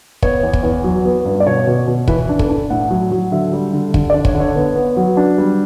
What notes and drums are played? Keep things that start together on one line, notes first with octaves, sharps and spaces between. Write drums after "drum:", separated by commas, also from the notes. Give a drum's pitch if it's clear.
B3 C#5, drum: kick
E2
drum: kick
E2
F#3
B3
G2
D5
B2 C#5
B2
B2
E3 B4, drum: kick
D4
A4, drum: kick
D4
A2 F#5
F#3
F#3
D3 E5
G3
D3
D3, drum: kick
D5
D4
C#5, drum: kick
D3
C#5
B3
B3
F#3
D4
G3